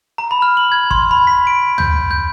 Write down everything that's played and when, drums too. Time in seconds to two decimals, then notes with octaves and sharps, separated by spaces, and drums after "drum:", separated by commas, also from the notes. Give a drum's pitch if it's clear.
0.18 A#5
0.31 B5
0.42 F6
0.57 F#7
0.72 G#6
0.91 C6, drum: kick
1.11 B5
1.27 B6
1.47 D7
1.78 G6, drum: tom
2.11 G6